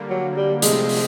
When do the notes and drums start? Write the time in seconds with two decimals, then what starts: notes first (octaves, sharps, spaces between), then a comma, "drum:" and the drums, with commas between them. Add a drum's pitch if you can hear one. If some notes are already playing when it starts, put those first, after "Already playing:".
Already playing: D3 G3 A#3
0.09 F#3
0.37 G3
0.62 C3 F3 G#3 A3 C4, drum: hi-hat
0.89 drum: open hi-hat